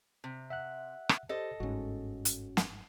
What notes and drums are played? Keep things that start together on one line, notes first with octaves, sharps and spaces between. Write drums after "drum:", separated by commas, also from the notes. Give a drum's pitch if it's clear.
C3
E5 F#5 F#6
drum: rim click
G4 A4 C5 D#5
G1 G#2 C#4 F#4
drum: hi-hat
drum: snare